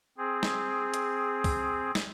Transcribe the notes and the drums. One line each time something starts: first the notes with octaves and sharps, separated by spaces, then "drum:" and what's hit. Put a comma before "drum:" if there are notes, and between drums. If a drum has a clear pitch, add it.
C4 G#4
drum: snare
drum: hi-hat
drum: kick, open hi-hat
drum: snare